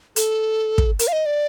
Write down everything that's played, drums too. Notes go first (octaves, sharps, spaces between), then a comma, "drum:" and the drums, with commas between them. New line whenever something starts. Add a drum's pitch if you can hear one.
A4, drum: hi-hat
drum: kick
A#4, drum: hi-hat
F5
D#5
D5